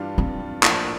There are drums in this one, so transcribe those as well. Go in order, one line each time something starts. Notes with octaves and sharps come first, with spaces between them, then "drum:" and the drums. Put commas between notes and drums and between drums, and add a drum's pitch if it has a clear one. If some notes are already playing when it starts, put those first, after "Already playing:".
Already playing: G2 E3 G3 D4 F4
C4
A#1 A2 F3 A#3 D4, drum: clap